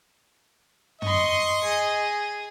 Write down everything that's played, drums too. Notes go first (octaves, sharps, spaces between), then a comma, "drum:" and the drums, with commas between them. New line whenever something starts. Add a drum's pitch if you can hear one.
D#5 C6 C#6, drum: tom
G#4